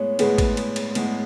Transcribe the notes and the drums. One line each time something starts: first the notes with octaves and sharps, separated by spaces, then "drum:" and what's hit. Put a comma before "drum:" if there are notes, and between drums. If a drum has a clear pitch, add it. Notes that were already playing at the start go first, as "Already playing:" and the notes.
Already playing: A2 G#3 B3 C#5
A2 G#3 B3 G#4 B4, drum: cymbal
drum: kick, cymbal
drum: cymbal
drum: cymbal
A2 G#3 B3, drum: cymbal